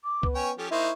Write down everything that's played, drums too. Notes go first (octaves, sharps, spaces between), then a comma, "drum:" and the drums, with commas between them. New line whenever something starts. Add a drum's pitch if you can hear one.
D6
B3, drum: kick C#2
C#4 C#5 G5 G#5
F3 C#4 G4 A4
A#3 D#4 E4 C5 C#6